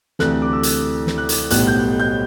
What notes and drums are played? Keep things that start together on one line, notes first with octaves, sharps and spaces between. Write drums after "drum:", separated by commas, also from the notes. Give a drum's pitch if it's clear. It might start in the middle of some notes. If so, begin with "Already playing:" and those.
D2 C3 E3 A3 F#6, drum: snare
D6
E6
drum: hi-hat
drum: snare
F#6
drum: hi-hat
B1 A2 G3 B3 F#6, drum: hi-hat
G6
G6